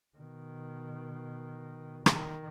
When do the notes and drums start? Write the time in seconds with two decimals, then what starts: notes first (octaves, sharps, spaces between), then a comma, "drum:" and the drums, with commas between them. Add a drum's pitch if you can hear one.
0.17 B2 D#3
2.06 D#3, drum: rim click